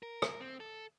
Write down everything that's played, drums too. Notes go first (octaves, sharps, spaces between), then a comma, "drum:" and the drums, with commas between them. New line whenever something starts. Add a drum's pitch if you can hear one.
A#4
drum: rim click
C4
A4